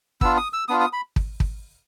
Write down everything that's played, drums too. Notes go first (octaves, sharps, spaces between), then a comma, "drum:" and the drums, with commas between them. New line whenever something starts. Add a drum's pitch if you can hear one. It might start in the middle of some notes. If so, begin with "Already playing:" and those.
B3 D4 F4 E6, drum: kick
D#6
E6
B3 D4 F4 D#6
D#6
B5
drum: kick
drum: kick